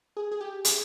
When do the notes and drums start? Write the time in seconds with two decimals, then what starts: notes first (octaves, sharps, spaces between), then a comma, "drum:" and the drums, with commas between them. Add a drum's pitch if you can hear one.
0.17 G#4
0.31 G#4
0.41 G4
0.65 G#4, drum: hi-hat